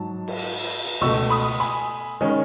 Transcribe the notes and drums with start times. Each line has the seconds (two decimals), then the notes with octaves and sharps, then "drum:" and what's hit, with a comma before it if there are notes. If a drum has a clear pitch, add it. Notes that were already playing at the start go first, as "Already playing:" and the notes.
Already playing: G#2 F#3 A5
0.28 drum: cymbal
0.85 drum: hi-hat
1.01 C#2 B2 A3 C#6 E6
1.30 B5 D#6
1.60 G#5 B5
2.21 D#3 G#3 C#4